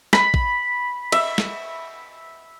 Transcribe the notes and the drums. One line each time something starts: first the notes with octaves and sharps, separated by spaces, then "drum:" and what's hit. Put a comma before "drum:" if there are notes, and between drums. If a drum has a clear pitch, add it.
B5, drum: snare
drum: kick A#1
E5, drum: cymbal
drum: snare